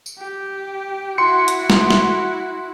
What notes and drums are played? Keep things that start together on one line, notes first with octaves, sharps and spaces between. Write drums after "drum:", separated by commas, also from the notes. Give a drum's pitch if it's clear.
drum: tambourine
G4
E4 F#4 C6 C#7
drum: hi-hat
drum: snare
drum: snare